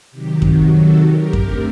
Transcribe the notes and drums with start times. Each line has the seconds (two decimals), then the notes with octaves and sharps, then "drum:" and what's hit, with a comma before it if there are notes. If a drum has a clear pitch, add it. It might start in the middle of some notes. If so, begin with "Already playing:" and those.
0.11 C3 D#3 F#3 G4
0.42 F#4, drum: kick F#2
0.72 F#4 A4
1.03 G4 A#4
1.33 D3 A3 C4, drum: kick F#2